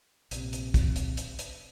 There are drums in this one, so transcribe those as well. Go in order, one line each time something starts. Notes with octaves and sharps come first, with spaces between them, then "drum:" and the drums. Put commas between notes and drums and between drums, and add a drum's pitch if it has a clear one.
A#1 C3, drum: hi-hat
drum: hi-hat
drum: kick, hi-hat
drum: hi-hat
drum: hi-hat
drum: hi-hat